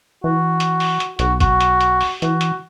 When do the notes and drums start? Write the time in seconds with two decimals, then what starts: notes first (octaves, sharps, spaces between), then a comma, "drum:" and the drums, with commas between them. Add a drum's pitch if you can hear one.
0.24 E3 F#4
0.60 drum: hi-hat
0.80 drum: open hi-hat
1.00 drum: hi-hat
1.19 B1 F#4, drum: hi-hat
1.40 F#4, drum: kick F#1, hi-hat
1.61 drum: hi-hat
1.81 drum: hi-hat
2.01 drum: open hi-hat
2.22 E3 F#4, drum: hi-hat
2.41 drum: hi-hat